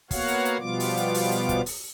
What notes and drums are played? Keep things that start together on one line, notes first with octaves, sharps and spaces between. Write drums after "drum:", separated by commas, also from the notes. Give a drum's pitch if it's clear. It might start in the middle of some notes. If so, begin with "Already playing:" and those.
A#3 B3 F#4 C#5 F5 F#5, drum: kick, open hi-hat
drum: hi-hat
drum: hi-hat
B2 F3 G3 B3 F4 D6
drum: open hi-hat
drum: hi-hat
drum: open hi-hat
drum: hi-hat
drum: kick, hi-hat
drum: open hi-hat